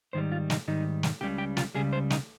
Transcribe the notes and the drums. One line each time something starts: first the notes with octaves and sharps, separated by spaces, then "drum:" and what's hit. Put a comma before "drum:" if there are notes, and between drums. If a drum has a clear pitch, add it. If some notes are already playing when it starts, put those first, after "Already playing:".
G#2 D#3 G3 C5
F4
D#4, drum: snare
G#2 D#3 G3 D#4
drum: snare
C#2 C#3 G3 G4
G4
F4, drum: snare
C#2 C#3 G3 G#4
C5
D#4, drum: snare